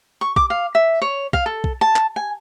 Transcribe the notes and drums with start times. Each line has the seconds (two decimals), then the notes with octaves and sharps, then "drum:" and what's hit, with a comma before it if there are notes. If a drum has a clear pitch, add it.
0.21 C#6
0.36 D6, drum: kick
0.50 F5
0.75 E5
1.02 C#5
1.33 F5, drum: kick
1.46 A4
1.64 drum: kick
1.81 A5
1.96 drum: clap
2.16 G#5